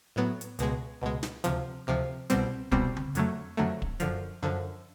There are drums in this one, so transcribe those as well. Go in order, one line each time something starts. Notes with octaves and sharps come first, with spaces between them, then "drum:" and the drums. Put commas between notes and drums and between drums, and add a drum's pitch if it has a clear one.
A2 F#3 B3
drum: hi-hat
C#2 B2 G#3, drum: hi-hat
C#2 B2 G#3
drum: snare
D2 C3 F3, drum: hi-hat
D2 C3 F3
C2 B2 G3 C4, drum: hi-hat
C2 B2 G3 C4, drum: kick
drum: tom C#3
F2 D3 F#3 A3, drum: hi-hat
F2 D3 F#3 A3
drum: kick
F#2 D3 F3, drum: hi-hat
F#2 D3 F3